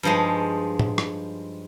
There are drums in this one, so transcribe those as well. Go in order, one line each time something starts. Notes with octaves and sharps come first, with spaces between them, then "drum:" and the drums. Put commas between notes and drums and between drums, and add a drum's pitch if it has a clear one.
G2 F3 G#3 D#4
drum: tom A2
drum: rim click